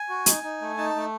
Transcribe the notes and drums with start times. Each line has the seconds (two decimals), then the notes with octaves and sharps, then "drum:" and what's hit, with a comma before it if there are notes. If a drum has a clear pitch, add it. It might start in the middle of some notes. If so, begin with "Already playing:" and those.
Already playing: G#5
0.09 F#4
0.26 D#4, drum: hi-hat
0.43 D#4
0.61 A3
0.78 D#4 A5
0.96 A3